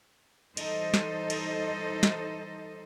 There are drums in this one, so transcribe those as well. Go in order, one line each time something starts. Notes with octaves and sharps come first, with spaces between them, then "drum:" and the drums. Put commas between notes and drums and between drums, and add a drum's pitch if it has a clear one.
E3 G3 D#4 A4 C5 D#5, drum: cymbal
drum: snare
drum: cymbal
drum: snare